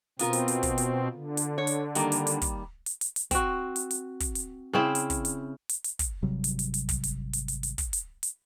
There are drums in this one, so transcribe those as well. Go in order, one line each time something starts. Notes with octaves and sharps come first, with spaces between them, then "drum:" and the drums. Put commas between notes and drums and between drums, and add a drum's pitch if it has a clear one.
B2 B3 C4 F4 A#4, drum: hi-hat
drum: hi-hat
drum: hi-hat
drum: kick, hi-hat
drum: hi-hat
D3
drum: hi-hat
C#5
drum: hi-hat
D#3 G3 A#3, drum: hi-hat
drum: hi-hat
drum: hi-hat
drum: kick, hi-hat
drum: hi-hat
drum: hi-hat
drum: hi-hat
C4 F#4, drum: kick, hi-hat
drum: hi-hat
drum: hi-hat
drum: kick, hi-hat
drum: hi-hat
C#3 C4 E4
drum: hi-hat
drum: kick, hi-hat
drum: hi-hat
drum: hi-hat
drum: hi-hat
drum: kick, hi-hat
G#1 C3 F#3 G3
drum: hi-hat
drum: hi-hat
drum: hi-hat
drum: kick, hi-hat
drum: hi-hat
drum: hi-hat
drum: hi-hat
drum: hi-hat
drum: kick, hi-hat
drum: hi-hat
drum: hi-hat